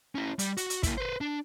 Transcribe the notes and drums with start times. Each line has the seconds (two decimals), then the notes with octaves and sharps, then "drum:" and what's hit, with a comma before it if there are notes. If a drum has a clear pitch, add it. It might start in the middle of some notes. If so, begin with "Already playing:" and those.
0.15 C#4 E4
0.39 G3, drum: hi-hat
0.57 F#4, drum: hi-hat
0.70 drum: hi-hat
0.83 A#3 E4, drum: kick, hi-hat
0.98 B4 C5
1.21 D4